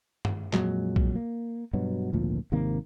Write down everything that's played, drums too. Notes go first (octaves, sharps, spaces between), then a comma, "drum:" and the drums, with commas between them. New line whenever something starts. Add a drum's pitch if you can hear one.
drum: tom G2
F2 A#2 F#3 G#3, drum: clap
drum: kick A#1
A#3
G2 B2 F#3
G#1 D2 A#2 F3
G#1 C3 D#3 A#3